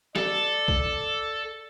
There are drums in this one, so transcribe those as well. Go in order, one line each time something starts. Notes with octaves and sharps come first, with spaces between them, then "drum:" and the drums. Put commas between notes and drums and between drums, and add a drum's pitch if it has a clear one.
A4 D5, drum: snare
drum: kick